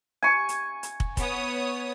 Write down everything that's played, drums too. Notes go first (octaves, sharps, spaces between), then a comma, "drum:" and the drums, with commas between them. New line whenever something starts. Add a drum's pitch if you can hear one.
G#5 C#6
drum: hi-hat
drum: hi-hat
drum: kick
B3 C#5 D#6, drum: kick, hi-hat